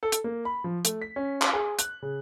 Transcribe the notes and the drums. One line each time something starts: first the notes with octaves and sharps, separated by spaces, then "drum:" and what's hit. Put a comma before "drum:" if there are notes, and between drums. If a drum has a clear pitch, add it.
A4
drum: hi-hat
A#3
B5
F3
A3, drum: hi-hat
B6
C#4
drum: clap
G#4
F#6, drum: hi-hat
C#3